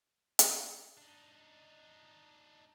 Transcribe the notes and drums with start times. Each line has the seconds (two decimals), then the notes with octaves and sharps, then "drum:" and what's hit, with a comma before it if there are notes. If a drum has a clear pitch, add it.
0.39 drum: hi-hat
0.98 D4 D#4